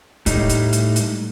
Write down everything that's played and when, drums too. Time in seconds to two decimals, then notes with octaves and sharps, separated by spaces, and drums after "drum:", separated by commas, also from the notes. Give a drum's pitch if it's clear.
0.26 A2 G3 A3 D#4, drum: kick, hi-hat
0.49 drum: hi-hat
0.73 drum: hi-hat
0.96 drum: hi-hat